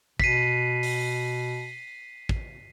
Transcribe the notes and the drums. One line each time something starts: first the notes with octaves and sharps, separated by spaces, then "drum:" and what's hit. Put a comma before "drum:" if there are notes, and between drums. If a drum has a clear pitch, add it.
B2 B6 C7 D#7, drum: kick
drum: open hi-hat
drum: kick